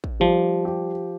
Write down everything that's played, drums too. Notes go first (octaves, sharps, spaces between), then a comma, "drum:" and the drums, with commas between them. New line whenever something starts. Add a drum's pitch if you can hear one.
drum: kick A1
F3 G3
G4